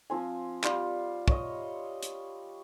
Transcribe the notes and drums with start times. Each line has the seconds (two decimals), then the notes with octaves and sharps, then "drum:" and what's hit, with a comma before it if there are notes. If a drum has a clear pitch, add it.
0.10 F3 C4 G#5
0.64 G3 F4, drum: clap
1.28 C#5 D#5, drum: kick
2.03 drum: hi-hat